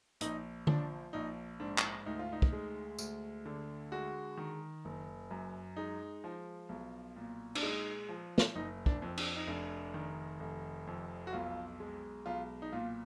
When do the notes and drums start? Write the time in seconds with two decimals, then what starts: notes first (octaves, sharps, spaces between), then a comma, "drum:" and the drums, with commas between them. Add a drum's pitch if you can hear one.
0.21 A#1 D#4, drum: hi-hat
0.67 F3 D4, drum: tom D3
1.13 A#1 D#4
1.60 G#2 D4
1.78 drum: clap
2.06 D2 D#4
2.19 F4
2.33 D#4
2.42 drum: kick
2.53 G#3
2.99 D2, drum: tambourine
3.45 D3
3.92 G#3 F#4
4.37 D#3
4.85 F#1
5.31 F#2
5.76 G#3 D#4
6.24 F3
6.69 B1
7.16 A#2
7.55 D4, drum: cymbal
7.63 G#3 D#4
8.09 F3
8.38 drum: snare
8.55 F#1 D#4
8.86 D4, drum: kick
9.02 F2
9.17 D4, drum: cymbal
9.36 D#4
9.47 F1 D4
9.94 D#3
10.40 F1
10.87 F2
11.27 F#4
11.33 B1 F4
11.80 G#3
12.26 B1 F4
12.62 D#4
12.72 A#2 F4